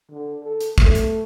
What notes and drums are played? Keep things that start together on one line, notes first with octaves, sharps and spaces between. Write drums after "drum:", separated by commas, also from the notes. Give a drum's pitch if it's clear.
D3
A4
drum: hi-hat
A3, drum: kick
drum: hi-hat